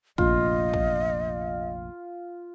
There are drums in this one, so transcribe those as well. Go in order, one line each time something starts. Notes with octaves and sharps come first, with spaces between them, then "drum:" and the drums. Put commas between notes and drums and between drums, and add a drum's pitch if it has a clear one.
F1 A#1 F4 D#5, drum: kick
drum: kick